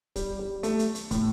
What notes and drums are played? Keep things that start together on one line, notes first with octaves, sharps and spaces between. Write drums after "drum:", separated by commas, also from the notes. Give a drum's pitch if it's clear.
G3, drum: kick, hi-hat
G3
A3, drum: hi-hat
drum: hi-hat
drum: hi-hat
A2, drum: kick, hi-hat